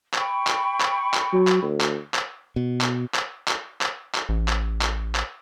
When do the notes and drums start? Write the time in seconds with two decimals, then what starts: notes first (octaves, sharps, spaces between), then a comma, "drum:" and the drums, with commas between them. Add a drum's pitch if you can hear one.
0.14 G5 B5 C#6, drum: clap
0.47 drum: clap
0.80 drum: clap
1.14 drum: clap
1.33 F#3
1.47 drum: clap
1.62 D2
1.81 drum: clap
2.14 drum: clap
2.56 B2
2.81 drum: clap
3.14 drum: clap
3.48 drum: clap
3.81 drum: clap
4.15 drum: clap
4.29 A1
4.48 drum: clap
4.82 drum: clap
5.15 drum: clap